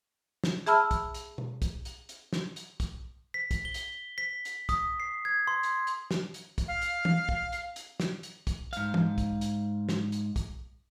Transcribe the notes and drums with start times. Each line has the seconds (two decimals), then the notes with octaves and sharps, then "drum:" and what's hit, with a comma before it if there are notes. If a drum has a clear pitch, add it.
0.44 drum: snare
0.66 G#4 E5 A5 B5 E6 F6, drum: hi-hat
0.91 drum: kick, hi-hat
1.14 drum: hi-hat
1.38 drum: tom
1.62 drum: kick, hi-hat
1.85 drum: hi-hat
2.09 drum: hi-hat
2.33 drum: snare
2.56 drum: hi-hat
2.80 drum: kick, hi-hat
3.34 B6
3.51 drum: kick, hi-hat
3.65 G7
3.74 drum: hi-hat
4.18 B6
4.45 drum: hi-hat
4.69 D#6, drum: kick, hi-hat
5.00 C7
5.25 G#6
5.47 C6
5.63 drum: hi-hat
5.87 drum: hi-hat
6.11 drum: snare
6.34 drum: hi-hat
6.58 drum: kick, hi-hat
6.68 F5
6.81 drum: hi-hat
7.05 drum: tom
7.29 drum: kick
7.52 drum: hi-hat
7.76 drum: hi-hat
8.00 drum: snare
8.23 drum: hi-hat
8.47 drum: kick, hi-hat
8.73 G#2 F5, drum: hi-hat
8.94 drum: tom
9.18 drum: kick, hi-hat
9.41 drum: hi-hat
9.89 drum: snare
10.12 drum: hi-hat
10.36 drum: kick, hi-hat